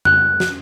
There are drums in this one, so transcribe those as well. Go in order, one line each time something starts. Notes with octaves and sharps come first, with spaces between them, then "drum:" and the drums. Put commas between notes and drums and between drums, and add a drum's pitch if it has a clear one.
F#6, drum: tom
drum: snare